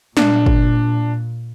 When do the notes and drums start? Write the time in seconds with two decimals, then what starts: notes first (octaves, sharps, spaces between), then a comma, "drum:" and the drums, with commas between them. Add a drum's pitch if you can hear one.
0.17 A#2 D4, drum: snare
0.46 drum: kick